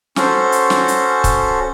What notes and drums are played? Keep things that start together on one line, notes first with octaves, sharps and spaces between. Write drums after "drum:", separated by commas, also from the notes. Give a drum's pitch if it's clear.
C#4 F#4 A4 C5, drum: snare
drum: hi-hat
drum: snare
drum: hi-hat
drum: kick, hi-hat